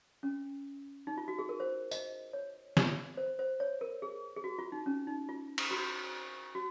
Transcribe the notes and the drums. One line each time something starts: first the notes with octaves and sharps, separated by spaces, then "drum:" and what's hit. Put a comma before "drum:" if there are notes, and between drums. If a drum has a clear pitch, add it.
C#4
D#4
F4
F#4
G#4
A#4
C5
D#5, drum: tambourine
C#5
drum: snare
C5
C5
C#5
A#4
G#4
G#4
F#4
F4
D#4
C#4
D#4
F4
drum: cymbal
F#4
F#4